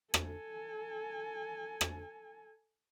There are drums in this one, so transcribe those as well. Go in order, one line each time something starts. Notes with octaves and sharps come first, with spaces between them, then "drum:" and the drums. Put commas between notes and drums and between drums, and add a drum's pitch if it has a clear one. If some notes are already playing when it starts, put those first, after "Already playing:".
A4 G#5, drum: rim click
drum: rim click